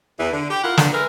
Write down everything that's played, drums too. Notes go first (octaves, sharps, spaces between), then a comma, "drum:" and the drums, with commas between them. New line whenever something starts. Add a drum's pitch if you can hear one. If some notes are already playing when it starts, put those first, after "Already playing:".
E2 E3
D3
G4
E4 F4 A#4 F#5
A#2 D3 B3, drum: snare
G#3 A#4 B4 E5